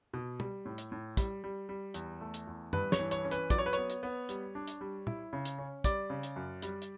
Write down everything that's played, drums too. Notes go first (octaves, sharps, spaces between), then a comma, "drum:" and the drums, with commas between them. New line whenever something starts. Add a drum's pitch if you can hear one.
B2
G3, drum: tom
A2
drum: hi-hat
A2
G3, drum: kick, hi-hat
G3
G3
E2, drum: hi-hat
A3
drum: hi-hat
E2
G2 B4, drum: tom
C#5, drum: snare
E3
C#5, drum: hi-hat
C#4
B4, drum: hi-hat
F#3 D5, drum: kick, hi-hat
C#5
B4
B3 C#5, drum: hi-hat
drum: hi-hat
B3
G3, drum: hi-hat
D4
drum: hi-hat
G3
E4, drum: tom
C#3
drum: hi-hat
C#4
G3 D5, drum: kick, hi-hat
C#3
drum: hi-hat
F#2
G3, drum: hi-hat
drum: hi-hat